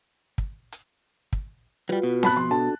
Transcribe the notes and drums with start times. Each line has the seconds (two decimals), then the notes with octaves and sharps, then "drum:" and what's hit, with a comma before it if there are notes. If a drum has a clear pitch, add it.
0.38 drum: kick
0.72 drum: hi-hat
1.33 drum: kick
1.89 F#3 G3 F4 F#4 B4
2.03 B2
2.23 A5 B5 F#6, drum: snare C4
2.37 F3 C6
2.51 D4 F#4 A4 A5